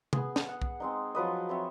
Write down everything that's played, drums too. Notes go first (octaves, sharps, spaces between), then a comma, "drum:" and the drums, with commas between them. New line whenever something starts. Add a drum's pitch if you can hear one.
B3 G#4, drum: tom C3
drum: snare
F#5
drum: kick B1
G#3 C4 D#4
F3 F#3 B4 D#5
C4 C#5 E5